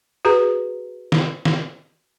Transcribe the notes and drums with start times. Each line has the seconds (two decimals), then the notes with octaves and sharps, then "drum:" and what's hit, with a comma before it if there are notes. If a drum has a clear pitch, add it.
0.25 F#4 G#4 B4 A#5
1.12 drum: snare
1.45 drum: snare